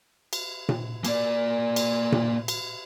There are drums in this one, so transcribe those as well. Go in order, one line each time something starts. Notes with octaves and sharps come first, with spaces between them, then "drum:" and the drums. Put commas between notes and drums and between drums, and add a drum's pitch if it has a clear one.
drum: cymbal
drum: tom A#2
A#3 D5, drum: cymbal
drum: cymbal
drum: tom A#2
drum: cymbal